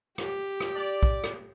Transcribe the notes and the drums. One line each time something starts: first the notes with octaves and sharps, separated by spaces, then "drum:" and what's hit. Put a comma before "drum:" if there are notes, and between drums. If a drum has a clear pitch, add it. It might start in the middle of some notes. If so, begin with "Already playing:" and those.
G4, drum: rim click
drum: rim click
D5
drum: kick
drum: rim click